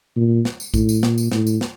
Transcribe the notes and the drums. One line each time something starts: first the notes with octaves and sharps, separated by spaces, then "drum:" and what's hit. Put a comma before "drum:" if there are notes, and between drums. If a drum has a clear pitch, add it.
A#2
drum: snare
drum: tambourine
A2, drum: kick A#1, tambourine
drum: tambourine
A#2, drum: snare
drum: tambourine
A2, drum: snare
drum: tambourine
drum: snare